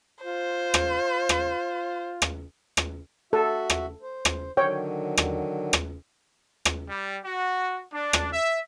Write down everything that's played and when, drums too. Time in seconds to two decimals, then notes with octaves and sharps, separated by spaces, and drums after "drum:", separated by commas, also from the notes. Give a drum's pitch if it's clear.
0.25 F4 C5
0.74 drum: rim click
1.29 drum: rim click
2.22 drum: rim click
2.77 drum: rim click
3.33 F#4 A4 E5
3.70 drum: rim click
4.02 C5
4.25 drum: rim click
4.57 D3 D#3 F#3 C#5 G5
5.17 drum: rim click
5.73 drum: rim click
6.65 drum: rim click
6.89 G3
7.25 F#4
7.92 D4
8.13 drum: rim click
8.32 E5